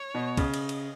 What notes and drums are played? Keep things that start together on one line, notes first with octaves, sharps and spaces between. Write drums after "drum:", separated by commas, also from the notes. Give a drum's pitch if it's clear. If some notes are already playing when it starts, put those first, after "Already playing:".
Already playing: C#5
B2
C#3 D#5, drum: kick, cymbal
drum: cymbal
drum: cymbal